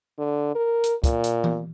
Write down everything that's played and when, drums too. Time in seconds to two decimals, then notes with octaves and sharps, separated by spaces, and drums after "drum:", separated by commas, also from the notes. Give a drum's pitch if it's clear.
0.19 D3
0.55 A#4
0.84 drum: hi-hat
1.04 A#2, drum: kick, hi-hat
1.24 drum: hi-hat
1.44 drum: tom E3